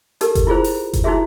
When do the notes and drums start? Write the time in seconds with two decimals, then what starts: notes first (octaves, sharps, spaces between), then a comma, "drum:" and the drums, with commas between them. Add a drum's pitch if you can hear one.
0.21 D#4 G4 A4 A#4, drum: hi-hat
0.35 drum: kick F#1, hi-hat
0.47 E4 F4 G#4 C5
0.64 drum: open hi-hat
0.93 drum: kick F#1, hi-hat
1.04 D#4 E4 F#4 G#4 E5